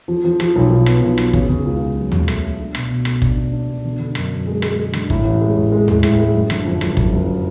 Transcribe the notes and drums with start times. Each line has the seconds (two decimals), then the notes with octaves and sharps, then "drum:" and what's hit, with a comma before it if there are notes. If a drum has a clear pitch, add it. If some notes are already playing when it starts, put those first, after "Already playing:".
0.08 F3
0.24 F3
0.40 F3, drum: rim click
0.56 B1
0.70 B1
0.86 B3, drum: rim click
1.02 B1
1.18 B3, drum: rim click
1.33 C#3, drum: kick
1.49 C#3
1.65 C#2
1.81 C#2
1.96 F#3
2.12 C#3, drum: tom
2.28 A3, drum: rim click
2.44 A3
2.59 D4
2.75 B2, drum: rim click
2.90 B2
3.05 A3, drum: rim click
3.22 D4, drum: kick
3.38 D4
3.53 D4
3.68 B2
3.85 D3
3.99 D3
4.15 F#2, drum: rim click
4.31 F#2
4.47 G#3
4.62 G#3, drum: rim click
4.77 G#3
4.93 D3, drum: rim click
5.10 A2, drum: kick
5.25 A1
5.41 G#3
5.57 A2
5.72 G#3
5.88 G#3, drum: tom
6.03 A2, drum: rim click
6.19 G#3
6.34 F#1
6.50 D3, drum: rim click
6.66 F2
6.81 F#1, drum: rim click
6.97 F#1, drum: kick
7.13 F#1